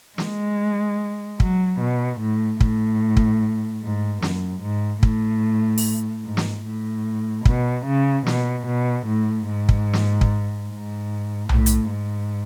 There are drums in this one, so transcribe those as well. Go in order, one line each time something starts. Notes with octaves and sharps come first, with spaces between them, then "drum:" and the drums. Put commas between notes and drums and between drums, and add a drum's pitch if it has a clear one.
G#3, drum: snare
F#3, drum: kick
B2
A2
A2, drum: kick
drum: kick
G#2
F#2, drum: snare
G#2
A2, drum: kick
drum: open hi-hat
G#2
drum: snare
A2
B2, drum: kick
C#3
B2, drum: snare
B2
A2
G#2
drum: kick
drum: snare
drum: kick
G#2
A2, drum: tom B1
drum: hi-hat
G#2